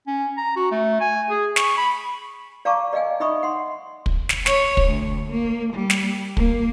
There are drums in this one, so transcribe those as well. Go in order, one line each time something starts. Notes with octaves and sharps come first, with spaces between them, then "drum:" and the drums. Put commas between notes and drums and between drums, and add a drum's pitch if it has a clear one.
C#4
A#5
F#4
A3
G#5
G#4
C#6, drum: snare
B5
D5 F5 A5 A#5 C#6 D6
D5 D#5 F5 G5 G#5
D#4 D#5 E5 B5 C#6 D#6
F#5 C6
drum: kick
drum: snare
C#5, drum: snare
drum: kick
D2
A#3
G3
drum: snare
A#3, drum: kick